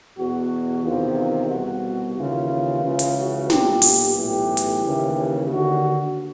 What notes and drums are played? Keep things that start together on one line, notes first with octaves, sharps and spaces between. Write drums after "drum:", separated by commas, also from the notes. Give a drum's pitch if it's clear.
E2 B2 F#4
E2 C3 D#3 F4
F4
C2 B2 F#4
D#2 C#3 E3 F4
C#2 C#3 E3 F4
drum: hi-hat
F#4
B1 A#2 G4, drum: snare
drum: open hi-hat
B1 A2 E3 G4
drum: hi-hat
D#2 C#3 E3
D#2 D3 F#4